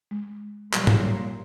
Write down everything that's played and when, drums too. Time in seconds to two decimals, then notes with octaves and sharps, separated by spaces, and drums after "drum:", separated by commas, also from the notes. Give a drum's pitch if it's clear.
0.11 G#3
0.73 A#2 E3 F#3 G3, drum: clap
0.87 drum: tom